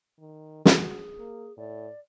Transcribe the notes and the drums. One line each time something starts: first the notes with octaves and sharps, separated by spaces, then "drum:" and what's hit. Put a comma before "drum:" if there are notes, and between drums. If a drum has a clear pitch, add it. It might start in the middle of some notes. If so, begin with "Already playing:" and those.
D#3
F#4 G#4, drum: snare
A#3
A2 D5